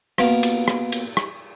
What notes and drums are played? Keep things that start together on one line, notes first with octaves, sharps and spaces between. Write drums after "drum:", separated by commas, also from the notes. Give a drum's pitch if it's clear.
B2 A#3, drum: rim click
drum: cymbal
drum: rim click
drum: cymbal
drum: rim click